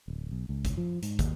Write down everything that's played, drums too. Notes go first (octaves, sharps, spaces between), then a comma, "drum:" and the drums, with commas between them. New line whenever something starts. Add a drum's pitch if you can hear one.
D1
B1
C#2
drum: kick, hi-hat
F3
G#2, drum: hi-hat
D#2, drum: kick, hi-hat